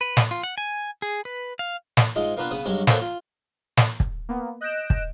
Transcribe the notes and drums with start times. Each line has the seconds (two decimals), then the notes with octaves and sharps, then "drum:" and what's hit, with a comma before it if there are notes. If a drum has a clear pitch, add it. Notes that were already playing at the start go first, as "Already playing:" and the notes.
0.01 B4
0.17 drum: snare
0.31 F4
0.43 F#5
0.58 G#5
1.02 G#4
1.25 B4
1.59 F5
1.97 drum: snare
2.16 G#2 G#3 F4 D#5
2.37 A#3 B3 D4 F4 B4
2.51 C#3 B3 D#6
2.65 G2 F#3 G#3 C#4
2.87 A#3 F#4 A4 C5 C#5 G5, drum: snare
3.01 F4
3.77 drum: snare
4.00 drum: kick
4.29 A#3 B3
4.61 D#5 F#6 G6 A#6 D7 E7
4.90 drum: kick